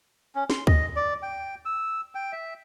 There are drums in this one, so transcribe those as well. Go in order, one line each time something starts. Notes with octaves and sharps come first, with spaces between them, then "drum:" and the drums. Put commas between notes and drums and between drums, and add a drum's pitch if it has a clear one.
C#4
C6, drum: snare
D#5, drum: kick D2
D5
G5
E6
G5
E5